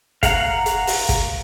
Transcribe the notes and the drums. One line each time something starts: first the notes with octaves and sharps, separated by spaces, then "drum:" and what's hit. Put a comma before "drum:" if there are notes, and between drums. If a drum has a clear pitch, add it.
F5 F#5 A#5, drum: kick, hi-hat
drum: hi-hat
drum: open hi-hat
drum: kick, hi-hat